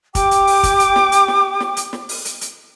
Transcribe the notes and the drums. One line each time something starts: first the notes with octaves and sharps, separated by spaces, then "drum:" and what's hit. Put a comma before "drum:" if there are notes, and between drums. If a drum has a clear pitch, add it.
G4 G5 D6, drum: kick, hi-hat
drum: hi-hat
drum: open hi-hat
drum: kick, hi-hat
drum: hi-hat
drum: snare
drum: hi-hat
drum: snare
drum: snare
drum: hi-hat
drum: snare
drum: open hi-hat
drum: hi-hat
drum: hi-hat